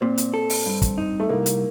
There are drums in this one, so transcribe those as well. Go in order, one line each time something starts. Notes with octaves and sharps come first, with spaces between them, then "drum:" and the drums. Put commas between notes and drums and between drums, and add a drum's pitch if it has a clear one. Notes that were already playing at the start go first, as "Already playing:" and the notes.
A#2 C4
drum: hi-hat
A4
drum: open hi-hat
G2
drum: kick, hi-hat
D#4
A3
C2 A#3
drum: hi-hat